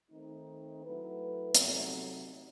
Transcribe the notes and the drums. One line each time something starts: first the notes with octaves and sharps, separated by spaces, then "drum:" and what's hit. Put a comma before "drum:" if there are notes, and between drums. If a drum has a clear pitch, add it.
D#3 A3 C4 D#4
F#3 A3 E4 B4
C3 F#3 A3 C4 D#4, drum: hi-hat